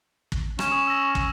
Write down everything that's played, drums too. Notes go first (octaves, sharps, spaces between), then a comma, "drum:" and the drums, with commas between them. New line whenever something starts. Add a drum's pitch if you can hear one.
drum: kick
C#4 C#6 E7, drum: rim click
D#6
E6 A#6
drum: kick